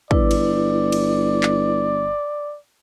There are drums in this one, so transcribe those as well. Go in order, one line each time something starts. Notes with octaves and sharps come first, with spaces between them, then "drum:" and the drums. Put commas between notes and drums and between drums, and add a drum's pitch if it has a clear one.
G1 E4 B4 D5, drum: kick
drum: cymbal
drum: cymbal
drum: clap